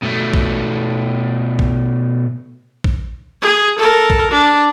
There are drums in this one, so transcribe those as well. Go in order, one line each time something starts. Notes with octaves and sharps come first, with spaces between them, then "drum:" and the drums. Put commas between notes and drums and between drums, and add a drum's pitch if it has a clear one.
B2 A3
drum: kick
drum: kick
drum: kick
G#4
A4 A#4
drum: kick
D4